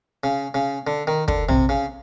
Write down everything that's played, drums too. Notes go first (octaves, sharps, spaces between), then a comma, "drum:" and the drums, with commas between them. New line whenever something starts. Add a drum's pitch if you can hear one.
C#3
C#3
D3
D#3
D3, drum: kick
C3, drum: tom A#1
C#3